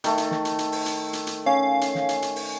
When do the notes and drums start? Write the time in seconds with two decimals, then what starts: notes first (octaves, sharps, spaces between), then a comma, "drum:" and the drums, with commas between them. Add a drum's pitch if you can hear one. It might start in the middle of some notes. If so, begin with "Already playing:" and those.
0.04 D#3 A3, drum: hi-hat
0.18 drum: hi-hat
0.31 drum: snare
0.45 drum: hi-hat
0.59 drum: hi-hat
0.72 drum: open hi-hat
0.86 drum: hi-hat
1.13 drum: hi-hat
1.27 drum: hi-hat
1.46 C#4 F5
1.81 drum: hi-hat
1.95 drum: snare
2.09 drum: hi-hat
2.22 drum: hi-hat
2.36 drum: open hi-hat